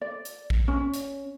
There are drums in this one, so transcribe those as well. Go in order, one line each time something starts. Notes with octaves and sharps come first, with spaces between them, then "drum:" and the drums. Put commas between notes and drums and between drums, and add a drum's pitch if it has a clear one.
D5
drum: hi-hat
drum: kick
C#4
drum: hi-hat